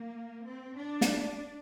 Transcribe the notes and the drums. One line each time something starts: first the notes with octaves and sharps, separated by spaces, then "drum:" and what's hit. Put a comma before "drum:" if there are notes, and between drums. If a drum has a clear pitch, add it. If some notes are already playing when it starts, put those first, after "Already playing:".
Already playing: A#3
C4
D4
drum: snare